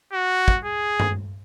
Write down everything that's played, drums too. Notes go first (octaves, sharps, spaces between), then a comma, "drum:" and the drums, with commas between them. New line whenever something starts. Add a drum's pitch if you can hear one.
F#4
drum: kick
G#4
drum: tom G2